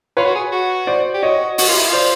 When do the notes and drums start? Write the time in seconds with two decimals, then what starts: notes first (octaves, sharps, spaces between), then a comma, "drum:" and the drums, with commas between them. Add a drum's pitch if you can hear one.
0.17 F4 B4 C#5
0.25 F#4
0.35 G#4
0.52 F#4
0.87 C5 D5
1.14 G4
1.23 F#4 C#5 D#5
1.58 F#4, drum: open hi-hat
1.68 F4
1.78 E4
1.88 F4
1.93 C5 D5